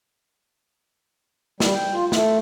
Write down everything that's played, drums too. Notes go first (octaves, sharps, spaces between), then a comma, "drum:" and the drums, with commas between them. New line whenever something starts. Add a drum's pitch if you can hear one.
G3, drum: snare
G5
F4
A3, drum: snare